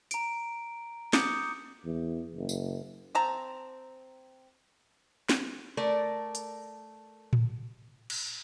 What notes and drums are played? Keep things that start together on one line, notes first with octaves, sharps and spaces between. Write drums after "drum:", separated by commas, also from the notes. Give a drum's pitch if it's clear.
A#5 D7, drum: hi-hat
D6 D#6 G6 C#7, drum: snare
E2
F#1
drum: tambourine
C4 A5 A#5
drum: snare
A3 A#4 D5
drum: hi-hat
drum: tom A2
drum: cymbal